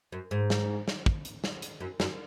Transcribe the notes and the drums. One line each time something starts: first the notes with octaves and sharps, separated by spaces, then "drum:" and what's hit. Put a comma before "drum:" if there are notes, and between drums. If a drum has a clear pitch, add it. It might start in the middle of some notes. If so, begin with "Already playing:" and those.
F#2
G#2
drum: snare
drum: snare
drum: kick
drum: hi-hat
drum: snare
drum: hi-hat
F#2
F#2, drum: snare